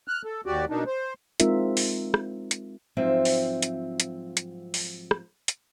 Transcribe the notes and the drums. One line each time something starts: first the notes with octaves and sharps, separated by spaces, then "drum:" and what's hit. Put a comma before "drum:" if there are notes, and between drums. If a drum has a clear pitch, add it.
F6 F#6
A4
D#2 F#4 G4 D5
B2 A#3 D4 D#4
C5
G#3 C4 D#4 F4 A#4 E5, drum: hi-hat
drum: open hi-hat
drum: rim click
drum: hi-hat
G#2 F3 F#3 C4 F4 E5
drum: open hi-hat
drum: hi-hat
drum: hi-hat
drum: hi-hat
drum: open hi-hat
drum: rim click
drum: hi-hat